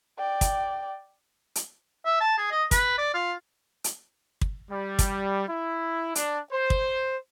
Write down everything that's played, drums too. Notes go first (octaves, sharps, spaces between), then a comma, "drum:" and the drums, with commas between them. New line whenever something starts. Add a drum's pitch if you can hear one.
D5 G5
drum: kick, hi-hat
drum: hi-hat
E5
A5
G#4
D#5
B4, drum: kick, hi-hat
D5
F4
drum: hi-hat
drum: kick
G3
drum: kick, hi-hat
E4
D4, drum: hi-hat
C5
drum: kick